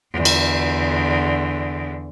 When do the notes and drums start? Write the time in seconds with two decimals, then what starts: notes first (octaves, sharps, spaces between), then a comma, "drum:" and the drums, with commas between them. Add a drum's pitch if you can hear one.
0.12 E2 D3
0.25 drum: cymbal